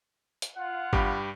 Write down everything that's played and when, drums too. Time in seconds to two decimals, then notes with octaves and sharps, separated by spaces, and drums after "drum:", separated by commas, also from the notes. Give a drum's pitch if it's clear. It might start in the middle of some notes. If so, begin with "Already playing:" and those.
0.42 drum: hi-hat
0.56 F4 F#5
0.93 G2 G4 B5, drum: kick G#1